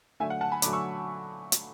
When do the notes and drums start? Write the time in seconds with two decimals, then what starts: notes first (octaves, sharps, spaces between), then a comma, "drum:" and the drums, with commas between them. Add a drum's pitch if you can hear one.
0.20 D3 F#3 A3 E5 G#5
0.30 F#5
0.41 F#5 A5
0.52 G#5 B5
0.62 D3 F#3 A3 B5 D6, drum: hi-hat
0.73 C#6 E6
1.52 drum: hi-hat